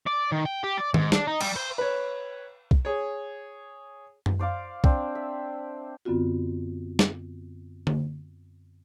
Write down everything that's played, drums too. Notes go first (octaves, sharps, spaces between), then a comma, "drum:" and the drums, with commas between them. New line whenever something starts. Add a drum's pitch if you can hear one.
D5
D#3
G5
G4
D5
G#2, drum: tom D#3
D4, drum: snare
D#4
G3, drum: cymbal
C5
B4 C#5
drum: kick B1
G#4 C#5
drum: tom F#2
C5 D5 F5 D6
C4 D4, drum: kick B1
E5
F#2 D3 B3 C4 F4 F#4
drum: snare
drum: tom D3